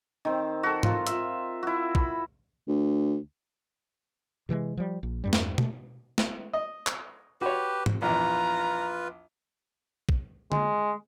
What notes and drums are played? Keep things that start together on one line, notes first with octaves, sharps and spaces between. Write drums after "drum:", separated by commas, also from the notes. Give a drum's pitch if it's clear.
D#3 C4
F#4 A4
F4 A#4, drum: tom G#2
F4 E5, drum: hi-hat
E4 F#4
B5, drum: kick
D2
C3 E3 G3 G#3
F3 G3
A#1
E2 G2 G3
drum: snare
A3, drum: tom B2
drum: snare
D#5
drum: clap
F#4 G4 B4 C#5
drum: tom G#2
A#1 E2 F4 B4 A#5
drum: kick
G#3, drum: tom D3